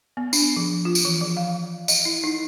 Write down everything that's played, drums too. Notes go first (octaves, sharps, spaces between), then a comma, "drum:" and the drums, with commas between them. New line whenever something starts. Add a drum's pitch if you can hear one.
B3
D4, drum: tambourine
F3
F4
drum: tambourine
E3
F3
F5
D#5, drum: tambourine
E4
D#4